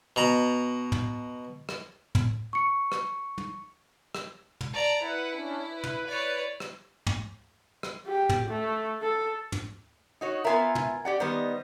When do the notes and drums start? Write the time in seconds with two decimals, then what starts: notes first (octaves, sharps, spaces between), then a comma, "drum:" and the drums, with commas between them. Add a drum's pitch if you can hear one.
0.16 B2 A#5
0.92 drum: tom
1.69 drum: rim click
2.15 drum: tom
2.53 C#6 C#7
2.92 drum: rim click
3.38 drum: tom
4.15 drum: rim click
4.61 drum: tom
4.73 D5 A5 A#5
5.02 E4 B4 F#5
5.34 C#4 D4
5.71 B4
5.84 drum: tom
6.06 C#5 D5
6.60 drum: rim click
7.06 drum: tom
7.83 drum: rim click
8.07 G4
8.29 drum: tom
8.49 A3
9.02 A4
9.52 drum: tom
10.21 D#4 F#4 C#5
10.45 B3 F4 A#4 E5 G#5
10.75 drum: tom
11.05 G4 D5 F#5
11.20 D#3 G3 B3 C5 D#5